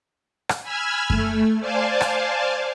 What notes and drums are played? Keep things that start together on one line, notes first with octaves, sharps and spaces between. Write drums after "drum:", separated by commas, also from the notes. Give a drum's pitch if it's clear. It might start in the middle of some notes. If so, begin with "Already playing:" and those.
drum: rim click
G#5 B5 E6 F6 G#6
A3, drum: kick F#2
C5 D5 F5 G#5 A5
drum: rim click